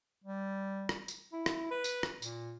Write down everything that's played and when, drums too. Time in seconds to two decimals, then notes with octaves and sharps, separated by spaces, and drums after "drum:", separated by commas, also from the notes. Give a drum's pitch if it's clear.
0.24 G3
0.89 drum: rim click
1.08 drum: tambourine
1.33 E4
1.46 drum: rim click
1.71 B4
1.84 drum: tambourine
2.03 drum: rim click
2.22 A#2, drum: tambourine